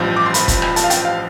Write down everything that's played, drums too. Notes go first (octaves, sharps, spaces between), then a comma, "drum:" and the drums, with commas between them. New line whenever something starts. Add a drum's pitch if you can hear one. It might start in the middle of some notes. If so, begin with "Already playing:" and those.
Already playing: A1 G2 F3 G6
D6
C6
B5, drum: hi-hat
drum: kick E1, hi-hat
drum: rim click
A5, drum: hi-hat
F5
G5, drum: hi-hat
F5